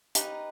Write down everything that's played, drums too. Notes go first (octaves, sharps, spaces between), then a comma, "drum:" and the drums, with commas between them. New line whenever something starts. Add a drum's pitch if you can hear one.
D#4 G4 B4 D#5 A#5, drum: hi-hat